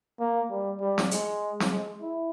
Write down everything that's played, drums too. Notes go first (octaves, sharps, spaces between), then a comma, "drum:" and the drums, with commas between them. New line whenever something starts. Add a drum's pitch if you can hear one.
A#3
G3
G3
drum: snare
G#3, drum: hi-hat
drum: snare
G#3
E4